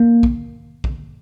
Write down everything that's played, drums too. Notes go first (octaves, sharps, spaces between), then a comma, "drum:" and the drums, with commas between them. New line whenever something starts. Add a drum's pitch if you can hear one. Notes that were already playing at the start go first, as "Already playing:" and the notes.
Already playing: A#3
drum: kick
drum: kick